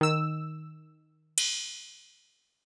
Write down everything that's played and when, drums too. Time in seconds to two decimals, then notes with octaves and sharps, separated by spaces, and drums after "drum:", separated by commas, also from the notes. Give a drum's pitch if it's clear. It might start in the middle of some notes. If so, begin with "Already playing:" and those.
0.01 D#3 E6
1.38 drum: cymbal